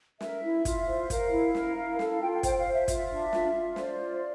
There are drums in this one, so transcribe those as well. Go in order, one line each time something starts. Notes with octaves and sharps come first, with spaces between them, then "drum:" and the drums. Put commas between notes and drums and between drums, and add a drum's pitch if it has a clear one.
A#4 E5, drum: snare
E4
F4, drum: kick, hi-hat
C5
A#4 F5, drum: kick, hi-hat
E4
A#4, drum: snare
E4
A4, drum: snare
F5
F4 G5
G5
C5 G5, drum: kick, hi-hat
F5
C5
E5
F4 E5, drum: kick, hi-hat
D4
F4, drum: snare
F4
C5 D5, drum: snare
F4